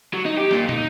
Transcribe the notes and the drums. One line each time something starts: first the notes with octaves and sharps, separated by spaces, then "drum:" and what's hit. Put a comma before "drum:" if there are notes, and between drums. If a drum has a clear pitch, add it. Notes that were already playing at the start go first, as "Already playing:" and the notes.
F#3
D#4
G4
A#2, drum: snare
D#4, drum: tom